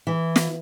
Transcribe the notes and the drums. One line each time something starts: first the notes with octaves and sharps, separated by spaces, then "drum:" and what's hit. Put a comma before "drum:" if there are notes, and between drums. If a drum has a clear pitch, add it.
E3
drum: snare